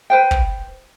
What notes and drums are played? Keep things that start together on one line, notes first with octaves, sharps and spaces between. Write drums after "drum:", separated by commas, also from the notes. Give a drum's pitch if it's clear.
B4 C5 G5
drum: kick